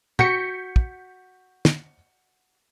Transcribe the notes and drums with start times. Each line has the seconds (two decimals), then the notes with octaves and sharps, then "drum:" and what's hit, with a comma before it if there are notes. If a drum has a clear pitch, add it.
0.19 F#4 G6 B6 C#7, drum: tom
0.76 drum: kick
1.65 drum: snare